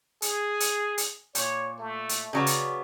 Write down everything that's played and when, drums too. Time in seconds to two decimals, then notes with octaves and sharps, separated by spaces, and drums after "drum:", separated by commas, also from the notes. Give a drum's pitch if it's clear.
0.22 G#4, drum: hi-hat
0.60 drum: hi-hat
0.98 drum: hi-hat
1.35 A#2 C#5, drum: hi-hat
1.78 A3
2.09 drum: hi-hat
2.33 C#3 F#3 B3 D5
2.46 drum: hi-hat